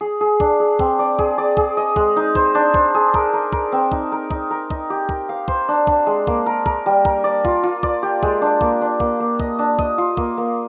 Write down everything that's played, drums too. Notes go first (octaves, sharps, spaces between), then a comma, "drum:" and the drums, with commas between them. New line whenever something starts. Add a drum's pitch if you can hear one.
G#4
G#4
D4, drum: kick
G#4
C4, drum: kick
D5
G#4, drum: kick
D5
G#4, drum: kick
D#5
G#3, drum: kick
D#4
C5, drum: kick
D4
C5, drum: kick
G#4
A#4, drum: kick
A#4
A#4, drum: kick
C4
D#4, drum: kick
A#4
D#4, drum: kick
A#4
D#4, drum: kick
G4
A#4, drum: kick
F5
C5, drum: kick
D4
D4, drum: kick
G#3
A#3, drum: kick
A#4
A#4, drum: kick
G3
A#4, drum: kick
D5
F4, drum: kick
F4
D5, drum: kick
G4
G#3, drum: kick
D4
A#3, drum: kick
D4
A#3, drum: kick
A#3
D#5, drum: kick
D4
D#5, drum: kick
F4
A#3, drum: kick
A#3